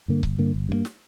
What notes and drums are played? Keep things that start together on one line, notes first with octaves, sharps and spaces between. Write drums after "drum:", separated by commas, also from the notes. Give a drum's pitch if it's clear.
G2 D3 A#3
G1, drum: kick C#1
G2 D3 A#3
G1
G2 D3 A#3
drum: snare